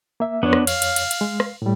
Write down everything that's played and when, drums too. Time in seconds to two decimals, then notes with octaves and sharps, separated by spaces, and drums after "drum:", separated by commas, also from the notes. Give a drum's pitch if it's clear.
0.20 A#3 E5
0.43 F2 B3 D4 C#5
0.53 drum: rim click
0.67 F5, drum: cymbal
0.82 drum: cymbal
0.96 drum: cymbal
1.11 drum: cymbal
1.21 G#3
1.40 drum: rim click
1.62 A2 G3